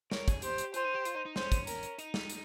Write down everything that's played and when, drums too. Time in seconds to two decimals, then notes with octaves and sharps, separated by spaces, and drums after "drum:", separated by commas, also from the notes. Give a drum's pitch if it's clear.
0.11 A#4 C#5, drum: snare
0.28 G#4, drum: kick, hi-hat
0.42 G4 C5, drum: hi-hat
0.58 drum: hi-hat
0.74 F4 C5, drum: hi-hat
0.84 D#4
0.94 G4
1.05 F4, drum: hi-hat
1.15 D#4
1.25 D#4
1.36 C#4 C5, drum: snare
1.52 drum: kick, hi-hat
1.67 A#4, drum: hi-hat
1.83 drum: hi-hat
1.99 D#4, drum: hi-hat
2.14 drum: snare
2.30 drum: hi-hat